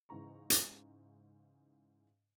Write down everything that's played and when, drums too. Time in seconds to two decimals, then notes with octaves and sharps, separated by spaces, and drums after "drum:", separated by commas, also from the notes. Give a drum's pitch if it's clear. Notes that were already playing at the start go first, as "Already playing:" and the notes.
0.09 G#2 C#3 E3 A#5 C#6
0.50 drum: hi-hat